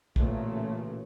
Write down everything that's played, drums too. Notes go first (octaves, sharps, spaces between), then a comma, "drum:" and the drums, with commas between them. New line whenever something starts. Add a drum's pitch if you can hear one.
A1 A#2 C#3 A3, drum: kick